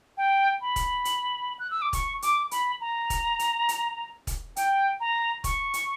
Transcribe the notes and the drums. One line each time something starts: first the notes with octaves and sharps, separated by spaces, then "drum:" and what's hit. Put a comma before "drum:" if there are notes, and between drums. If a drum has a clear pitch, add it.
G5
B5
drum: kick, hi-hat
drum: hi-hat
F#6
E6
D6
C#6, drum: kick, hi-hat
D6, drum: hi-hat
B5, drum: hi-hat
A#5
drum: kick, hi-hat
drum: hi-hat
drum: hi-hat
drum: kick, hi-hat
G5, drum: hi-hat
A#5
C#6, drum: kick, hi-hat
drum: hi-hat